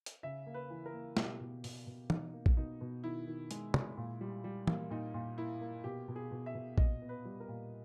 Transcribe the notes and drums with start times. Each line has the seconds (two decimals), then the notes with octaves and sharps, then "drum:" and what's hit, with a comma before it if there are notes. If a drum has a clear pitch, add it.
0.06 drum: hi-hat
0.23 C#3 E5
0.46 A#3
0.54 B4
0.70 E3
0.86 A#4
0.93 A#3
1.17 B2 G4, drum: snare
1.40 B2
1.64 B2, drum: open hi-hat
1.86 B2
2.10 B2 D#4, drum: tom
2.33 A#3
2.46 drum: kick A#1
2.57 B2 D#4
2.81 B2
3.04 D#3 E4
3.27 D#3
3.51 G#3, drum: hi-hat
3.74 G#3, drum: tom
3.97 A#2
4.21 G3
4.44 G3
4.67 A#3, drum: tom
4.90 A#2 D#4
5.14 A#2
5.38 A#3 E4
5.61 A#3
5.84 B2 G4
6.08 B2
6.16 G#4
6.31 B2
6.46 E5
6.54 B2
6.78 A#2 D#5, drum: kick A#1
7.02 B3
7.09 B4
7.25 G3
7.40 A#4
7.48 A#2